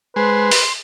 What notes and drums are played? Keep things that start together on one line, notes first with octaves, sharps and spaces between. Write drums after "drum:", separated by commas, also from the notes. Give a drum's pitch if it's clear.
G#3 B4 C5
C6, drum: open hi-hat